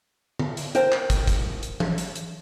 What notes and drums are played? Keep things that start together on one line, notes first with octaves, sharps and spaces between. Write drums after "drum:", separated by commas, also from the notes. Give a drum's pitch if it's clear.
drum: tom
drum: hi-hat
A#4 C5 G5, drum: hi-hat
drum: clap
drum: kick, hi-hat
drum: kick, hi-hat
drum: hi-hat
drum: tom E3
drum: hi-hat
drum: hi-hat